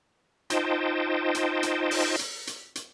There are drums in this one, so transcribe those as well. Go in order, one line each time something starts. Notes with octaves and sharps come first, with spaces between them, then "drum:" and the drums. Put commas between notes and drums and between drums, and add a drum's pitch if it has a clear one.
D#4 F4 C5 D#5 G5 A5, drum: hi-hat
drum: hi-hat
drum: hi-hat
drum: open hi-hat
drum: hi-hat
drum: hi-hat
drum: hi-hat